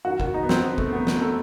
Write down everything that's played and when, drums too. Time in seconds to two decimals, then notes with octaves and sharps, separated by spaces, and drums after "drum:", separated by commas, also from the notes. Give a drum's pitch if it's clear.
0.05 F#2 D#3 F#4
0.20 F#4, drum: kick G1
0.34 D#4
0.43 B3
0.49 C4, drum: snare
0.64 B3
0.78 A3, drum: kick G1
0.93 B3
1.07 drum: snare
1.21 A4